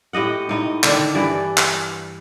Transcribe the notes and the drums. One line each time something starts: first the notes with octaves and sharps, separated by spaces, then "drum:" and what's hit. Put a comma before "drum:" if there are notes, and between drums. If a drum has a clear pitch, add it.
A2 G4 D#5 F#5
A2 D#4 D#5
D3 D#3 D4, drum: clap
G2 E3 D5
drum: clap